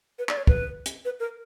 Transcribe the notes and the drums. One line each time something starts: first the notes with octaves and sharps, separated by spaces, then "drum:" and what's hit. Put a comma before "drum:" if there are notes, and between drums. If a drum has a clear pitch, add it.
B4
D5, drum: clap
C#5
B4, drum: kick
drum: hi-hat
B4
A#4